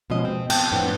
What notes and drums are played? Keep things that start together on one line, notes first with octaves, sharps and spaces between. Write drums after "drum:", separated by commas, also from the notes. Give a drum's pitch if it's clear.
B2 F3 G#3 C#4 D#5
C4
G5 A5, drum: cymbal
F2 A2 B3 C4 D4